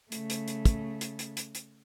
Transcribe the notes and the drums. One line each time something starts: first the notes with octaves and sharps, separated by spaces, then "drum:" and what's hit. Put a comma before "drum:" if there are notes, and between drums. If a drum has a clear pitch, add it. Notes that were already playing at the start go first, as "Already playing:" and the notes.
C#3 A3, drum: hi-hat
drum: hi-hat
drum: hi-hat
drum: kick, hi-hat
drum: hi-hat
drum: hi-hat
drum: hi-hat
drum: hi-hat